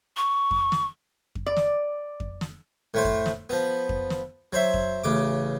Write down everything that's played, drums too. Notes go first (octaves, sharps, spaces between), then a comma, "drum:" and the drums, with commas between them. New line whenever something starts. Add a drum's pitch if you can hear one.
C#6
drum: kick F2
drum: snare
drum: kick F2
D5
drum: snare
drum: kick F2
drum: snare
A2 A3 C5
drum: kick F2
drum: snare
F3 B3
drum: kick F2
drum: snare
F#3 C5 E5
drum: kick F2
A1 C#3 D6